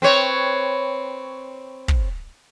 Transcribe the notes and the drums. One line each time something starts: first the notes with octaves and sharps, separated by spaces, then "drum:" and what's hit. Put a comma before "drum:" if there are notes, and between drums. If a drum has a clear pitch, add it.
C4 B4 C#5
drum: kick